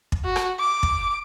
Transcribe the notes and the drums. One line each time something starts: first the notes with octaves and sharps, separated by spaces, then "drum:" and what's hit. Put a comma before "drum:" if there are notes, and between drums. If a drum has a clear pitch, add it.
drum: kick
F#4
drum: rim click
D6
drum: kick